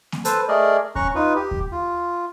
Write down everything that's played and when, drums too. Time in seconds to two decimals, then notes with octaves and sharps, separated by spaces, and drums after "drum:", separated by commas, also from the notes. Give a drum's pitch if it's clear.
0.12 drum: snare A#3
0.25 A4 B4 C5 A5, drum: hi-hat
0.48 A3 G#4 A#4 D5 D#5
0.95 C#4 A#5 C#6 F#6, drum: kick D#2
1.15 D#4 F4 B4
1.36 G4
1.51 drum: kick D#2
1.72 F4